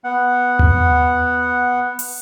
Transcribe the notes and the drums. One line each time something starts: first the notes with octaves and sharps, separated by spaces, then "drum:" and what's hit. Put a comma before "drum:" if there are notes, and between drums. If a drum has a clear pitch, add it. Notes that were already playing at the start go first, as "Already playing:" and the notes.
B3 F#5
drum: tom D#2
drum: open hi-hat